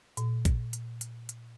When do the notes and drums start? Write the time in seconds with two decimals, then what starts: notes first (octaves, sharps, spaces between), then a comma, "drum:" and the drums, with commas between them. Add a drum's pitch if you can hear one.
0.17 A#2, drum: hi-hat
0.45 drum: kick, hi-hat
0.73 drum: hi-hat
1.01 drum: hi-hat
1.29 drum: hi-hat